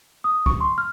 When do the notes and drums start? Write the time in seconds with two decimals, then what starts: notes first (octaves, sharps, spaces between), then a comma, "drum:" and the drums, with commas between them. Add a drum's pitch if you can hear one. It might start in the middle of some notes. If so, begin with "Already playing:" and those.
0.24 D#6
0.46 C#6, drum: kick C#2
0.61 C6
0.78 F6